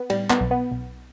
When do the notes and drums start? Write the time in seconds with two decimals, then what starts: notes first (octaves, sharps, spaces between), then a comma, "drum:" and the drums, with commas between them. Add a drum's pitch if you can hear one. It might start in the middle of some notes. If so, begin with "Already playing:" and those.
Already playing: B3
0.10 A2 G3, drum: cymbal
0.30 B3, drum: clap
0.41 B1
0.51 B3
0.71 B1